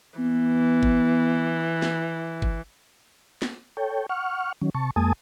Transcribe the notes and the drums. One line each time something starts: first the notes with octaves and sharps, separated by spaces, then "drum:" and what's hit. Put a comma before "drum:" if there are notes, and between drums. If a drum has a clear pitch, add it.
E3 B3
drum: kick
drum: snare
drum: kick
drum: snare
A4 C#5 G5
F#5 C#6 F6
D#3 F#3 C#4
C3 A5 C#6
F2 G#3 A#3 G#5 A5 D#6